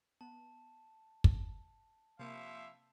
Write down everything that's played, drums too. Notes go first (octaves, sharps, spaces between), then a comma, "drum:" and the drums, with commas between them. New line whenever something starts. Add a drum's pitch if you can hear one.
B3 A5
drum: kick
C3 F3 A#3 E5